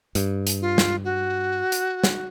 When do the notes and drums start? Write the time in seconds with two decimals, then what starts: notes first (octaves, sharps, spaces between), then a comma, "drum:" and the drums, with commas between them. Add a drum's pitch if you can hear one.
0.15 G2, drum: hi-hat
0.47 drum: hi-hat
0.62 F4
0.78 drum: snare
1.04 F#4
1.72 drum: hi-hat
2.04 drum: snare